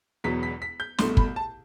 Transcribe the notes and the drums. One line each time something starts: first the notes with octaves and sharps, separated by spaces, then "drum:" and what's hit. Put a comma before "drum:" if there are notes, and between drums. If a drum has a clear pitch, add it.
E1 E2 B2 F#3 B3 B6
B6
B6
G6
C2 B2 A3 C6, drum: snare
B5, drum: kick
A5